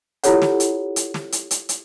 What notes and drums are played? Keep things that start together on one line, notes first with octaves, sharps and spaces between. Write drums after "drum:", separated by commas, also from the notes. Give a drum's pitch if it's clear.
E4 F4 G4 A4 C#5 F#5, drum: hi-hat
drum: snare
drum: hi-hat
drum: hi-hat
drum: snare
drum: hi-hat
drum: hi-hat
drum: hi-hat